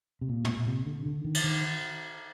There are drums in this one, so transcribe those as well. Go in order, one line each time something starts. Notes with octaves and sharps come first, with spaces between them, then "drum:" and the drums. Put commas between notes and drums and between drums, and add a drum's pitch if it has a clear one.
C3
A#2
drum: tom
A#2
C3
D3
D3
D#3
drum: cymbal
D#3